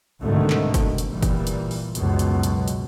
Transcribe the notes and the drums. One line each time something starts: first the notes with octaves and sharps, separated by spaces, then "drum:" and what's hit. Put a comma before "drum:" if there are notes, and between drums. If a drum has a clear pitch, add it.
C2 G#2 B2 D3 D#3 A3
drum: clap
drum: kick F#1, hi-hat
drum: hi-hat
A#2 E3 G3
drum: kick F#1, hi-hat
drum: hi-hat
drum: open hi-hat
C#2 F#2 B2, drum: hi-hat
drum: hi-hat
drum: hi-hat
drum: hi-hat